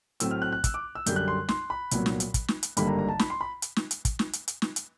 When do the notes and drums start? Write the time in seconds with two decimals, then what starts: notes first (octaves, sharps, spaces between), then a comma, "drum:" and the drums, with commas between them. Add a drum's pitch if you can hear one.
0.20 A2 F#3 A3 C4 E6, drum: hi-hat
0.31 F6
0.42 F#6
0.52 F#6
0.64 E6, drum: kick, hi-hat
0.74 D6
0.95 E6
1.06 F#2 D3 G3 G6, drum: hi-hat
1.16 F#6
1.28 C6
1.49 C6, drum: snare
1.70 B5
1.91 C2 A#2 F#3 B3, drum: hi-hat
2.06 drum: snare
2.20 drum: hi-hat
2.34 drum: kick, hi-hat
2.48 drum: snare
2.63 drum: hi-hat
2.77 G#1 G2 D3 G3 A#3 B5, drum: hi-hat
2.87 A#5
2.99 A#5
3.09 A5
3.19 B5, drum: snare
3.30 C6
3.41 B5
3.62 drum: hi-hat
3.76 drum: snare
3.91 drum: hi-hat
4.05 drum: kick, hi-hat
4.19 drum: snare
4.33 drum: hi-hat
4.48 drum: hi-hat
4.62 drum: snare
4.76 drum: hi-hat